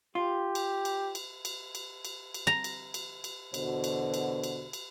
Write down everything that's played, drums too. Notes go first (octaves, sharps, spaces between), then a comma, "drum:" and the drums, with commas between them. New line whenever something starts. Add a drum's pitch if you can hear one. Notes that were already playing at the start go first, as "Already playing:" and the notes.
F4 G4
drum: cymbal
drum: cymbal
drum: cymbal
drum: cymbal
drum: cymbal
drum: cymbal
drum: cymbal
A#5
drum: cymbal
drum: cymbal
drum: cymbal
E2 B2 D3 F#4 C5, drum: cymbal
drum: cymbal
drum: cymbal
drum: cymbal
drum: cymbal